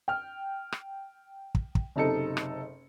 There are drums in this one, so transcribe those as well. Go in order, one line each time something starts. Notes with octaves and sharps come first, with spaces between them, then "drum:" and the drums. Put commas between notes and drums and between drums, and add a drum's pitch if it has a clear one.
G5 F6
drum: rim click
drum: kick
drum: kick
F#1 C3 D#4 A4 D#5 C#7
drum: rim click